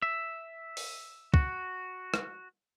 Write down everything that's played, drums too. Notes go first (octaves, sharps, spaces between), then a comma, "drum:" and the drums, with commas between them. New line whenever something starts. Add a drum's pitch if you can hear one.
E5
drum: open hi-hat
F#4, drum: kick
drum: rim click